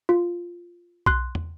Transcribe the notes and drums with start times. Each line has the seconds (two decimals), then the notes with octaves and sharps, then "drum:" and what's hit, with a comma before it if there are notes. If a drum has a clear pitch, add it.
0.09 F4
1.06 C6 F#6, drum: kick B1
1.35 drum: tom